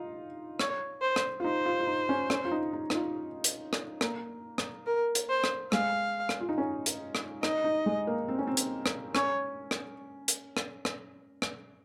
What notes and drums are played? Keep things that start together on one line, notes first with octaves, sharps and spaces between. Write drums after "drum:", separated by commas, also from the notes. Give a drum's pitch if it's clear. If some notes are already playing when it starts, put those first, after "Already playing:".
Already playing: D#4 F4
C#5, drum: rim click
C5
drum: rim click
F4
D#4 C5
F4
F4
D#4
C#4
C#4, drum: rim click
F4
D#4
D#4
D#4, drum: rim click
F4
drum: hi-hat
drum: rim click
A#3, drum: rim click
drum: rim click
A#4
drum: hi-hat
C5
drum: rim click
G#3 F5, drum: rim click
drum: rim click
F4
D#4
C#4
drum: hi-hat
drum: rim click
D#4 D#5, drum: rim click
D#4
G#3
A#3
C4
C#4
C4
drum: hi-hat
drum: rim click
C#4 C#5, drum: rim click
drum: rim click
drum: hi-hat
drum: rim click
drum: rim click
drum: rim click